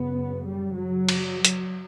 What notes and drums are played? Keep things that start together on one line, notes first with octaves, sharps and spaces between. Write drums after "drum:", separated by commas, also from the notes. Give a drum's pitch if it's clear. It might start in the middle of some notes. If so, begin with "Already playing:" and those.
Already playing: F#2 C#3 B3
G3
F#3
drum: cymbal
drum: hi-hat